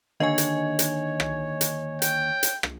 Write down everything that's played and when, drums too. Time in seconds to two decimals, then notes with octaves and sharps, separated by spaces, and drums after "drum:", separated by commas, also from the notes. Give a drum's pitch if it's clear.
0.20 D#2 D3 A#3 C#5 D#5 G#5
0.38 drum: hi-hat
0.79 drum: hi-hat
1.20 drum: rim click
1.61 drum: hi-hat
2.02 G5, drum: hi-hat
2.43 drum: hi-hat
2.63 drum: rim click